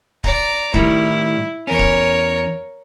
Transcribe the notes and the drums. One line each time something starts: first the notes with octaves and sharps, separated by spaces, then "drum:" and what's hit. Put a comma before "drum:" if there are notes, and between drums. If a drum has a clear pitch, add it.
D5 A#5, drum: kick D1
A2 D#3 G3 E4, drum: kick D1
E2 C#4 A#4 C#5
drum: kick D1